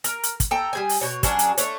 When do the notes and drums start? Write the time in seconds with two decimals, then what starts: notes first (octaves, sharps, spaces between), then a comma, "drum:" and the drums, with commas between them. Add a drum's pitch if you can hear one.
0.04 A#4, drum: hi-hat
0.23 drum: hi-hat
0.40 drum: kick, hi-hat
0.51 A4 G5 A#5
0.73 G3 G#4 G#5
0.89 drum: open hi-hat
1.01 B2 C#5
1.23 F#3 C#4 D4 G#4, drum: kick, hi-hat
1.39 drum: hi-hat
1.58 A3 D4 C#5, drum: hi-hat